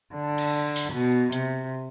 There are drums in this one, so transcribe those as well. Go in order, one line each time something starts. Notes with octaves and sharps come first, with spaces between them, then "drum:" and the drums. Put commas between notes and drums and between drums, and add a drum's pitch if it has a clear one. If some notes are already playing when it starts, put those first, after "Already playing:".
D3
drum: cymbal
drum: open hi-hat
B2
C3, drum: hi-hat